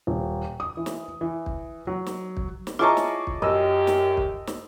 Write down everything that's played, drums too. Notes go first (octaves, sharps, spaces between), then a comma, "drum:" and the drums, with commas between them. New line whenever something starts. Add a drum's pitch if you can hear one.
D#1
D#6
E3
drum: snare
E3
drum: kick
F#3
drum: snare
drum: kick
drum: snare
E4 F4 G#4 D#5 A5 A#5 C#6 D6
drum: snare
drum: kick
F#2 G4 D#5 E6
drum: snare
drum: kick
drum: snare